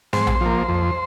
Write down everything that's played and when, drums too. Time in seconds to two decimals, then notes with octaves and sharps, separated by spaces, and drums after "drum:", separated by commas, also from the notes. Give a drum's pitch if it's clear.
0.13 G#2 C5, drum: snare
0.27 drum: tom A#1
0.41 F3 A#3
0.69 F2